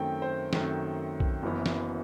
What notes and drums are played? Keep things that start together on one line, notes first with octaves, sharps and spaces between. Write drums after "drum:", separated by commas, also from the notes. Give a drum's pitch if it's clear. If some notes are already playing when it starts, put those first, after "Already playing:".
Already playing: F#2 D#3 A3 C4 G5
C5
F#2 D#3 A3 C4, drum: snare
drum: kick B1
F#1 F#2 E3 B3
drum: snare